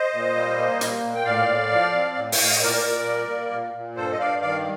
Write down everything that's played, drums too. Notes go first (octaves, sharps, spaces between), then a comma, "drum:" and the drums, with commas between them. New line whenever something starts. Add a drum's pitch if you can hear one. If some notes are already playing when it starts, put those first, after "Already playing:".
Already playing: C5 D#5
A#2
G3
A#3
A#2, drum: hi-hat
A#2
G5
A2 D5 F5
A2
F3
C4
A2
G5, drum: open hi-hat
A2 F5
D#5
A#2 A#4 D5
A#2
G3
A#3
A#2
A#2
G2 A4 C5
D#5
G2 D5 F5
D#3 D5 F5